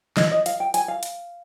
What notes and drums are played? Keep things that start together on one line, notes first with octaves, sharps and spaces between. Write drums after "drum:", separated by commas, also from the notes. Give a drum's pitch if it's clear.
D#5, drum: snare
D#5
F5, drum: hi-hat
G5
G#5, drum: hi-hat
F5
drum: hi-hat